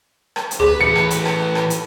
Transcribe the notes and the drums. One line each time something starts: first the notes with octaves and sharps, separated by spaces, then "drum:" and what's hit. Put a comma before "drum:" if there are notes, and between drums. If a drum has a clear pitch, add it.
drum: rim click
drum: hi-hat
D2 G#4 B4 C5
A2 E3 B4 C#7
drum: rim click
drum: hi-hat
drum: rim click
drum: rim click
drum: hi-hat